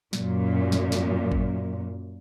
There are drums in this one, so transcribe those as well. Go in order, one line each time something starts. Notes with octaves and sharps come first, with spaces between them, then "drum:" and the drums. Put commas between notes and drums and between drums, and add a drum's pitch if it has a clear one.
F#2 A#2, drum: snare
drum: snare
drum: snare
drum: kick G#1